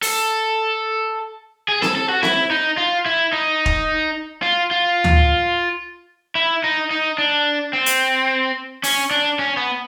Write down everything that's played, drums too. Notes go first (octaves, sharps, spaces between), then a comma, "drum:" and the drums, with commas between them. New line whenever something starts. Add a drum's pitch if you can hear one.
A4, drum: open hi-hat
G#4
A4, drum: snare C4
A4
F#4
E4, drum: snare C4
D#4
F4
E4
D#4
drum: kick
F4
F4
drum: tom D2
E4
D#4
D#4
D4
C4
drum: hi-hat
C#4, drum: open hi-hat
D4
C#4
B3